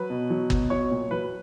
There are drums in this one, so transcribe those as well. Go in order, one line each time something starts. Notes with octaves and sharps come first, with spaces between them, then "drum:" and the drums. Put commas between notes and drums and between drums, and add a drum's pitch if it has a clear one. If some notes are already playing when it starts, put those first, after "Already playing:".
Already playing: F#3 B4
B2
F#3
B2, drum: kick
F#3 C#5
A#2
F#3 B4